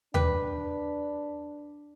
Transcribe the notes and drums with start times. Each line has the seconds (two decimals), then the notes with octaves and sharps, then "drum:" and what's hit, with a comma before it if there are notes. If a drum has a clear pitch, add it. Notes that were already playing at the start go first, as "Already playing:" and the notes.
0.14 D4 G4 B4, drum: tom D#2